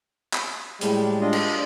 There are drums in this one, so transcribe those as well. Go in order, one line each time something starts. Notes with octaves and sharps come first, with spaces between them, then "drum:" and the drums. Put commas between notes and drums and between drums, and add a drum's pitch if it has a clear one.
drum: clap
A2 G3 G#3, drum: hi-hat
D4 F4 D#5
drum: cymbal